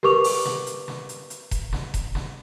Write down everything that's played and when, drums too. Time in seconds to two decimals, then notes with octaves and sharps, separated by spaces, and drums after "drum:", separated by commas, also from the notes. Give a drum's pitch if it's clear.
0.03 G4 A#4 B4 C#6 D6 F7, drum: snare
0.24 drum: open hi-hat
0.45 drum: snare
0.67 drum: hi-hat
0.88 drum: snare
1.09 drum: hi-hat
1.30 drum: hi-hat
1.51 drum: kick E1, hi-hat
1.73 drum: snare
1.94 drum: kick E1, hi-hat
2.15 drum: snare